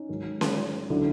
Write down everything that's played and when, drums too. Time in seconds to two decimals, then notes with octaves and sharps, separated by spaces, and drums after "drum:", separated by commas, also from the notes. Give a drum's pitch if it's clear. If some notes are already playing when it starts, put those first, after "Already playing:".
Already playing: C#4 D#4
0.09 G#2 D#3 F#3
0.41 drum: snare C#4
0.90 D3 F#3 D4 E4